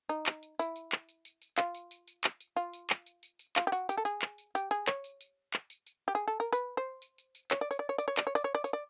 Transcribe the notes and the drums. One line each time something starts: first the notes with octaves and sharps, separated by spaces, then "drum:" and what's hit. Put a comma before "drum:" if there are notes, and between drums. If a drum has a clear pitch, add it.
D#4, drum: tambourine
drum: clap
drum: tambourine
E4, drum: tambourine
drum: tambourine
drum: clap
drum: tambourine
drum: tambourine
drum: tambourine
F4, drum: clap
drum: tambourine
drum: tambourine
drum: tambourine
drum: clap
drum: tambourine
F4, drum: tambourine
drum: tambourine
drum: clap
drum: tambourine
drum: tambourine
drum: tambourine
F4, drum: clap
G4
F#4, drum: tambourine
G4, drum: tambourine
A4
G#4, drum: tambourine
drum: clap
drum: tambourine
G4, drum: tambourine
G#4, drum: tambourine
C#5, drum: clap
drum: tambourine
drum: tambourine
drum: clap
drum: tambourine
drum: tambourine
G4
G#4
A4
A#4
B4, drum: tambourine
C5
drum: tambourine
drum: tambourine
drum: tambourine
C#5, drum: clap
D5
C#5, drum: tambourine
D5
C#5
D5, drum: tambourine
C#5
D5, drum: clap
C#5
D5, drum: tambourine
C#5
D5
C#5, drum: tambourine
D5